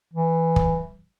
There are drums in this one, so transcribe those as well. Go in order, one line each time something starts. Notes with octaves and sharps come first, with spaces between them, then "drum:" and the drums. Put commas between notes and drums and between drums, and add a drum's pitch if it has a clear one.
E3
drum: kick